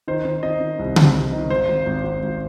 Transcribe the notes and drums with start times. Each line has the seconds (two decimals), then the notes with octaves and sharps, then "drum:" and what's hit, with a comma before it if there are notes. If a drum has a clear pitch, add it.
0.08 D#3 C5
0.25 D#3 C5
0.43 D#3 D#5
0.60 D#3
0.79 C2
0.96 C2, drum: tom C#3
1.14 C2
1.32 D#3
1.50 G#1 C5
1.68 G#1
1.86 G#1
2.04 G#1
2.22 G#1